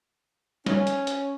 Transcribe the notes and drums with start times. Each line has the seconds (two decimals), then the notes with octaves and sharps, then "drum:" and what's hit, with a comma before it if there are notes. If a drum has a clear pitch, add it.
0.66 C#4, drum: snare
0.87 drum: hi-hat
1.07 drum: hi-hat